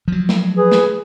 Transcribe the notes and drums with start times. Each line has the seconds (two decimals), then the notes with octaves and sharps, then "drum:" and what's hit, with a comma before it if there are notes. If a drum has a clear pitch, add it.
0.08 F3 F#3
0.29 drum: snare
0.57 G#4 B4
0.72 drum: snare